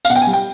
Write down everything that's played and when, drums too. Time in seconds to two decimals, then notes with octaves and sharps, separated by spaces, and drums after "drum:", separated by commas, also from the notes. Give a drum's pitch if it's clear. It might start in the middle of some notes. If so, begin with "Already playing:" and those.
0.05 F5, drum: tambourine
0.10 B2 F#5
0.16 G5
0.22 G#5
0.27 G3
0.33 G5